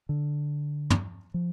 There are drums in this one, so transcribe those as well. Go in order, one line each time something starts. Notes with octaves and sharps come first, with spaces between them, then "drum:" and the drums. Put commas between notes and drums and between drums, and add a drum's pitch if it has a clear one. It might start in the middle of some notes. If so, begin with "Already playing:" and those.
D3
drum: tom
F3